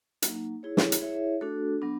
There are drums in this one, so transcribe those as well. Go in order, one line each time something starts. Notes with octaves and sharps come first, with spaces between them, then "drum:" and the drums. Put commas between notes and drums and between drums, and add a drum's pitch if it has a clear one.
F#3 A#3 D#4, drum: hi-hat
E4 G#4 C#5
drum: snare
drum: hi-hat
E4 G#4 C#5 E5
A3 D4 F#4 A4
F#3 B3 D4